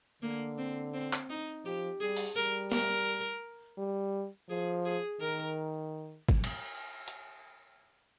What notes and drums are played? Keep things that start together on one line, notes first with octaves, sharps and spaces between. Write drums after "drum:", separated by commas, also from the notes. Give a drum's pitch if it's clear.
D3 A#3
C4
C4
drum: clap
D#4
F3 G4
G3 G#4
drum: open hi-hat
G3 A#4
A#4, drum: snare
G3
F3 G#4
G#4
D#3 A#4
drum: kick
drum: cymbal
drum: hi-hat